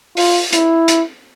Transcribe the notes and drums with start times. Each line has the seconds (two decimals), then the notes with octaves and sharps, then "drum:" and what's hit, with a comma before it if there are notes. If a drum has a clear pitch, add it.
0.17 F4, drum: open hi-hat
0.53 E4, drum: hi-hat
0.88 drum: hi-hat